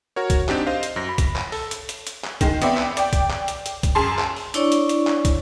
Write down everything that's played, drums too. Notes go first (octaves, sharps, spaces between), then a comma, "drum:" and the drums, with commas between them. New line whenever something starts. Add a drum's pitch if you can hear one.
F#4 A#4 C#5
drum: kick, hi-hat
C4 D4 D#4 G4, drum: clap
C5 D#5 F5
drum: hi-hat
F#2 A#6
B5
drum: kick, hi-hat
drum: clap
A4, drum: open hi-hat
drum: hi-hat
drum: hi-hat
drum: hi-hat
drum: clap
D#3 G#3, drum: kick, hi-hat
B3 C4 D5 E5, drum: hi-hat
drum: clap
D5 G5, drum: hi-hat
drum: kick, hi-hat
drum: clap
drum: hi-hat
drum: hi-hat
drum: kick, hi-hat
F#2 G#4 A5 C6
drum: clap
drum: open hi-hat
D4 E4 C#5 D5 C#6, drum: hi-hat
drum: hi-hat
drum: hi-hat
drum: clap
drum: kick, hi-hat